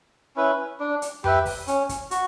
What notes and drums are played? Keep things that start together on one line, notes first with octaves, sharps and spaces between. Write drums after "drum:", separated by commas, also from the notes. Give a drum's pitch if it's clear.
C#4 E4 B4
D4
drum: hi-hat
G4 B4 E5, drum: tom F2
drum: kick, open hi-hat
C#4, drum: hi-hat
drum: kick, hi-hat
F#4, drum: hi-hat